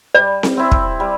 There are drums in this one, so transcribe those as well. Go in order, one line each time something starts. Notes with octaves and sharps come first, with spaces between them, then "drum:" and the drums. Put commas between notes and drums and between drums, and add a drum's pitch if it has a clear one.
G3 D5
drum: snare C4
C4 E4
drum: kick
G3